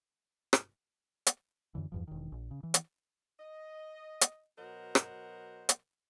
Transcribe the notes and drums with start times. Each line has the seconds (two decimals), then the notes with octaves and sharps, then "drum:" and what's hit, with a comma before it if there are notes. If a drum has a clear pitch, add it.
0.53 drum: rim click
1.26 drum: hi-hat
1.75 F#2 D3 E3
1.92 E2 G2 F3
2.08 E1 D#3
2.32 A#1
2.51 C#3
2.63 E3
2.74 drum: hi-hat
3.40 D#5
4.21 drum: hi-hat
4.58 B2 F#3 A#4 C5 D#5 F#5
4.95 drum: rim click
5.69 drum: hi-hat